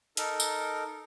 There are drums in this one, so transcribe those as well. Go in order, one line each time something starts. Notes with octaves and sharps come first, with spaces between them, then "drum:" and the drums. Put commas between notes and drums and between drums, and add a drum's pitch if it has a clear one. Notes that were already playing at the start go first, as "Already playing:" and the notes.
D#4 A4 A#4, drum: hi-hat
drum: tambourine